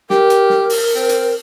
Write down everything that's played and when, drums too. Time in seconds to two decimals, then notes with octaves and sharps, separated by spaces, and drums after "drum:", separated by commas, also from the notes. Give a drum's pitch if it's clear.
0.10 G4 A#4, drum: snare
0.30 drum: hi-hat
0.50 drum: snare
0.70 drum: open hi-hat
0.95 C4
1.09 drum: hi-hat